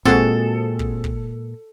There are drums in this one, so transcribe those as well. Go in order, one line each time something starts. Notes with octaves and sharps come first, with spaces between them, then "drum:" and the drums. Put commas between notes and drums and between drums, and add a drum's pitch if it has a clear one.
A#2 G#3 C4 F#4 G#4 A4, drum: kick
drum: kick
drum: kick